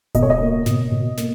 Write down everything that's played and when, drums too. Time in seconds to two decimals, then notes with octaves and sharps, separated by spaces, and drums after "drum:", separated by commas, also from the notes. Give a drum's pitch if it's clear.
0.15 B2 D#5, drum: kick D1, hi-hat
0.23 C#5
0.30 D#5
0.41 A#3
0.66 B2, drum: snare
0.91 B2
1.17 A#3, drum: snare